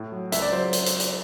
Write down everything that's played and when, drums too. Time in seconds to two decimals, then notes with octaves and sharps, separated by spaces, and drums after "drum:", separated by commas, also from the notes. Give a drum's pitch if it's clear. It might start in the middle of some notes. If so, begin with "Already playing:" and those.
Already playing: A2
0.12 F#3
0.32 C#2 E5, drum: hi-hat
0.42 D5
0.52 F#3 C5
0.73 drum: hi-hat
0.86 drum: hi-hat
1.00 drum: hi-hat